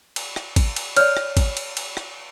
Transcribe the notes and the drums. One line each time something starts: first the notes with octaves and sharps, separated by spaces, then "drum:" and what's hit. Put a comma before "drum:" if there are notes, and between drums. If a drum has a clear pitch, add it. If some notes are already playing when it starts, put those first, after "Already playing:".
drum: cymbal
drum: rim click
drum: kick, cymbal
drum: cymbal
C#5 D5 F6, drum: cymbal
drum: rim click
drum: kick, cymbal
drum: cymbal
drum: cymbal
drum: rim click